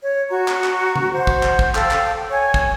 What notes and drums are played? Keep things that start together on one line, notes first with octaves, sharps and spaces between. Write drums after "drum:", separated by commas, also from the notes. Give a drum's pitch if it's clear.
C#5
F#4 A#5 C#6
drum: clap
drum: clap
drum: tom C3
C5 F#5
drum: kick
drum: clap
drum: kick
A4 F5 G5, drum: clap
drum: clap
C#5 G#5 C#6
drum: kick